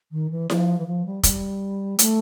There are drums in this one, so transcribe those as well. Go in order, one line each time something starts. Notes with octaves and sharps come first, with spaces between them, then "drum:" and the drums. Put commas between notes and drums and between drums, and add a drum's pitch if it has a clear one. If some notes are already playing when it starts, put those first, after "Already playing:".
D#3
E3
F3, drum: snare E4
E3
F3
G3
G3, drum: kick, hi-hat
A3, drum: hi-hat